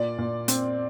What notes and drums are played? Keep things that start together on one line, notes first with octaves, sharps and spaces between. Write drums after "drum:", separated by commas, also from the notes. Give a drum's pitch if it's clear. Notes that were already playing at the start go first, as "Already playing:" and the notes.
Already playing: A#2 D5
A#2
C4, drum: hi-hat